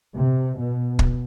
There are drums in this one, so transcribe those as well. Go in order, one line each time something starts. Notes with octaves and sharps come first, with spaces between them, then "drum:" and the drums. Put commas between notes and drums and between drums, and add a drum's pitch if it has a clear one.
C3
B2
drum: kick